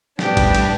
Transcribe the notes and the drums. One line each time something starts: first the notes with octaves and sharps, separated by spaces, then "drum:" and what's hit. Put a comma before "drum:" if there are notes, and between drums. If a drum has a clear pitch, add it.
A2 G3 B3 D4 G4, drum: snare
drum: kick G#1, cymbal
drum: cymbal